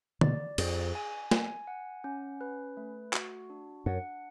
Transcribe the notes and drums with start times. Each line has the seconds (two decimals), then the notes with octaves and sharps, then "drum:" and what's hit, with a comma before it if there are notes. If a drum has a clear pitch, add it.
0.21 B2 D5, drum: tom
0.58 F2 G#4, drum: cymbal
0.95 G#5
1.31 G#5, drum: snare
1.67 F#5
2.04 C#4
2.41 B4
2.77 A3
3.13 F#4, drum: clap
3.50 D4
3.86 F#2 F#5